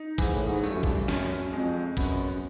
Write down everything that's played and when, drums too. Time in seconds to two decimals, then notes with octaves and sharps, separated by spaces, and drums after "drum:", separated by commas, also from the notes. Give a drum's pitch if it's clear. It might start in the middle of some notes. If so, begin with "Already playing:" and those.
Already playing: D#4
0.18 G#2 E3, drum: kick A1, tambourine
0.32 A2
0.45 G#2
0.63 G2 A3, drum: tambourine
0.73 F#2
0.83 G2, drum: kick A1
1.08 F#2 C#4, drum: snare
1.53 F2 G#3
1.97 F#2 B3, drum: kick A1, tambourine